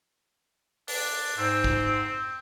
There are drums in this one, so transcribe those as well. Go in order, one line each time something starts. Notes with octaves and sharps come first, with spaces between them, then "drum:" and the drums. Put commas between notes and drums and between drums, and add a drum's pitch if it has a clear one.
D4, drum: open hi-hat
G#2 C4
drum: kick A1